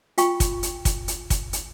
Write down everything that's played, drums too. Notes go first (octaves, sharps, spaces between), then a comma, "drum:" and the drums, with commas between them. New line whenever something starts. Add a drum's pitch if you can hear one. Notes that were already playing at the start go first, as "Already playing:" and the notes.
F4 G5 C#6, drum: hi-hat
drum: kick, hi-hat
drum: hi-hat
drum: kick, hi-hat
drum: hi-hat
drum: kick, hi-hat
drum: hi-hat